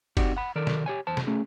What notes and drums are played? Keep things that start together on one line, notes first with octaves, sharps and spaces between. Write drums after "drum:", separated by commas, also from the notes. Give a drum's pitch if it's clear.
C4 D#4 F#4 G4 D5, drum: kick F#1, cymbal
F#5 B5
D#3 A4 A#4 D5
drum: snare
G4 C#5 G#5
E2 C5 A5
drum: snare
A3 C#4 G#4